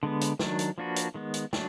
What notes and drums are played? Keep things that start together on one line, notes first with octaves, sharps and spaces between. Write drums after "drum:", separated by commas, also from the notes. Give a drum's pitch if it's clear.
D3 G#3 B3
drum: hi-hat
D#3 F#3 D4, drum: snare
drum: hi-hat
F3 A#3 D4 F#4 B4
drum: hi-hat
D#3 G#3 B3
drum: hi-hat
F#3 D4, drum: snare